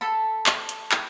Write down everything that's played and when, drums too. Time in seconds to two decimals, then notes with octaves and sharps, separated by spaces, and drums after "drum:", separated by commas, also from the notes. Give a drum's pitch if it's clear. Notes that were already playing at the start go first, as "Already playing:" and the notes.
0.01 A4 A5 B5
0.46 drum: clap
0.69 drum: hi-hat
0.92 drum: clap